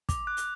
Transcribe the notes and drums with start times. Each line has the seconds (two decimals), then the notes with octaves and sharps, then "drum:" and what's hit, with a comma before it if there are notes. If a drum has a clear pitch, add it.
0.09 D6, drum: kick, hi-hat
0.27 F#6
0.37 drum: hi-hat